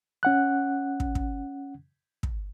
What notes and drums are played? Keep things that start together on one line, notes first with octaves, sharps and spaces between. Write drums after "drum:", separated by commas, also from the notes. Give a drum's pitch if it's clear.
C#4 F#5 F#6
drum: kick
drum: kick
drum: kick